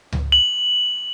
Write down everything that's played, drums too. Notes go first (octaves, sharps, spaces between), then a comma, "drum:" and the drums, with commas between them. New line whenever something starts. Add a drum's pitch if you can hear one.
drum: tom C#2
F#7